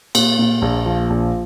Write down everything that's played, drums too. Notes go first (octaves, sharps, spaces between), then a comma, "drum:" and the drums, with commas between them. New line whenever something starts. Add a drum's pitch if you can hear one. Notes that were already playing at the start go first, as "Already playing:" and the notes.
A#2, drum: cymbal
A#2
A#1
F3
A#1